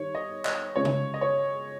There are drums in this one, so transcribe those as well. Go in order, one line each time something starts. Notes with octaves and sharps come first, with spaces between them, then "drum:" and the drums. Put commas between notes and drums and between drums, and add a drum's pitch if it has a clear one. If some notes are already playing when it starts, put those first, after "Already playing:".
Already playing: D#3 G3 C#5
D#5
D#5, drum: clap
C#3 G#3 C#4 F4 C#5
drum: tom C3
D#5
C#5